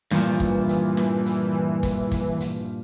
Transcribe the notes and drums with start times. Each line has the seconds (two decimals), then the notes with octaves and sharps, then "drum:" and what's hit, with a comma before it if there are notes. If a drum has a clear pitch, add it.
0.11 G2 A#2 E3 F3, drum: snare
0.40 drum: kick
0.69 drum: hi-hat
0.97 drum: snare
1.26 drum: hi-hat
1.83 drum: kick, hi-hat
2.12 drum: kick, hi-hat
2.40 drum: hi-hat